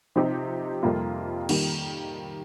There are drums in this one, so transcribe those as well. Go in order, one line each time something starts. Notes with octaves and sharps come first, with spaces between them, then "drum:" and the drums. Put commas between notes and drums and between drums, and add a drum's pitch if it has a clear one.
C3 F3 C4 D#4 G4
F2 C3 G3 A#3 F4
D#3 G3 A#3, drum: cymbal